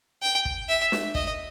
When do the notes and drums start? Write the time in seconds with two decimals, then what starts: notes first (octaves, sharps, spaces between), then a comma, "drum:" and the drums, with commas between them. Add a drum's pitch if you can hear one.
0.22 G5
0.45 drum: kick
0.69 E5
0.92 drum: snare
1.15 D#5, drum: kick